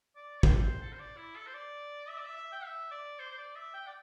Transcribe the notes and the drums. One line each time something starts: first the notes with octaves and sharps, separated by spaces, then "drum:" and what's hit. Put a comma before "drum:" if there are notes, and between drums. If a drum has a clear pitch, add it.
D5
C5, drum: kick
A4
C5
A4
C5
D5
E4
A4
C5
D5
E5
D5
E5
E5
G5
E5
D5
C5
C5
D5
E5
G5
D5